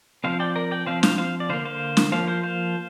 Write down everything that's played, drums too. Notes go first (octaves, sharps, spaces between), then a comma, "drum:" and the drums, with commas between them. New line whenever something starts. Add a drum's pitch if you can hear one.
F3 C4 C5 F5
D5 G5
A#4 D5
D5 G5
F3 C4 C5 F5
C5 F5, drum: snare
C5 F5
D5
D3 A#3 C5 F5
C5 F5
drum: snare
F3 A#3 C5 F5
C5 F5
C5 F5